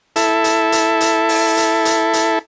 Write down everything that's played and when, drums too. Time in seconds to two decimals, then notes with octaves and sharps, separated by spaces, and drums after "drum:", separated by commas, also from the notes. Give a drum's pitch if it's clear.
0.16 E4 A4, drum: hi-hat
0.44 drum: hi-hat
0.72 drum: hi-hat
1.01 drum: hi-hat
1.29 drum: open hi-hat
1.57 drum: hi-hat
1.85 drum: hi-hat
2.13 drum: hi-hat